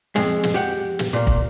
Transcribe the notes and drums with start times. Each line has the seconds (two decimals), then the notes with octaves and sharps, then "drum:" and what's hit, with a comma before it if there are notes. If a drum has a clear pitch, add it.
0.16 F2 G#3, drum: snare
0.43 drum: snare
0.54 G4 F#5
0.99 drum: snare
1.13 A#2 A#3
1.27 drum: kick